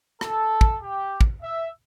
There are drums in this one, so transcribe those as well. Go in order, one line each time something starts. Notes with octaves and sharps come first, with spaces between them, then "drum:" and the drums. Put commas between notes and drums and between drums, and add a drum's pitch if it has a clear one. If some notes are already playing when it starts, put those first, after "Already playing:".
A4, drum: rim click
drum: kick
G4
drum: kick
E5